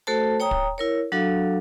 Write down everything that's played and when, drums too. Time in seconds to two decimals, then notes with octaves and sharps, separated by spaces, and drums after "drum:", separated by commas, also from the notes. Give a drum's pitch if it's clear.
0.07 A3 F#4 A4 C5 A5
0.40 C#5 G5 A#5 D#6
0.51 drum: kick
0.78 E4 A#4 C#5
1.12 F#3 D4 F#4 A4 F5